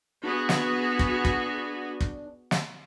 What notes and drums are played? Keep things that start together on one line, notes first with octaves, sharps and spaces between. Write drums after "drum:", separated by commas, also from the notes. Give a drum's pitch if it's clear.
B3 D4 F#4 G#4
drum: snare
drum: kick
drum: kick
drum: kick
drum: snare